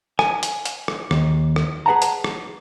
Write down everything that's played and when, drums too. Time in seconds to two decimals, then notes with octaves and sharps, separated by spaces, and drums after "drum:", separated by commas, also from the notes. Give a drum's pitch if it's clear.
0.19 G#5, drum: rim click
0.43 drum: hi-hat
0.66 drum: hi-hat
0.88 drum: rim click
1.11 D#2, drum: rim click
1.56 drum: rim click
1.86 G#4 B4 F#5 A5 A#5
2.02 drum: hi-hat
2.24 drum: rim click